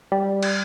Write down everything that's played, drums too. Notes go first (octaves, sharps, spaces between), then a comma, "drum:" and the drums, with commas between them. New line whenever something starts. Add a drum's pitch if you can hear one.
G3
drum: cymbal